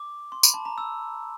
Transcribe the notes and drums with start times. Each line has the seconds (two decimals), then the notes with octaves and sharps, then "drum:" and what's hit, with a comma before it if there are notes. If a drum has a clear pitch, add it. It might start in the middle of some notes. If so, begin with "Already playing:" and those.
Already playing: D6
0.32 C6
0.43 B5, drum: tambourine
0.54 A5
0.65 A#5
0.78 E6